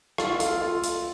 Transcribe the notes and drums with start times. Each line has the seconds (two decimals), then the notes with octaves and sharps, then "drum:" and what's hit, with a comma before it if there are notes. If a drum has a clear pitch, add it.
0.18 F4 A4, drum: rim click
0.40 F4 A4, drum: hi-hat
0.62 F4 A4
0.83 drum: hi-hat